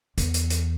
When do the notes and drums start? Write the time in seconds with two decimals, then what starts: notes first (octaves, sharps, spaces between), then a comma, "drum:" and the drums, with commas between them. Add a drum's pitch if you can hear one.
0.18 E2, drum: hi-hat
0.34 drum: hi-hat
0.50 drum: hi-hat